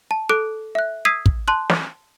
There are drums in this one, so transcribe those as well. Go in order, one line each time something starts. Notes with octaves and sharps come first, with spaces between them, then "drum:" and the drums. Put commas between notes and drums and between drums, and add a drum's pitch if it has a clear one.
A5
A4 D6 F#6 D7
E5 F#6
D#6 E6 G#6 B6 C7 D#7
drum: kick
A5 C6 F#6
drum: snare